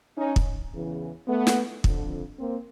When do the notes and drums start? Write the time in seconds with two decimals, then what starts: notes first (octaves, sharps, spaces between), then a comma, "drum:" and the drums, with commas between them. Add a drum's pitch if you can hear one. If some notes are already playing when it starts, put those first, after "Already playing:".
0.18 C#4 D#4
0.36 drum: kick
0.73 E2 C#3 E3
1.28 A3 B3
1.47 drum: snare
1.84 F2 D3, drum: kick
2.39 A#3 C4